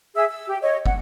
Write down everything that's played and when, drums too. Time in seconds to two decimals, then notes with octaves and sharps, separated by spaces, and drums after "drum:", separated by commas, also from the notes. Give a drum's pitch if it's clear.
0.15 G#4 E5 E6
0.29 E6
0.47 G4
0.61 C#5 D#5
0.86 F#5, drum: kick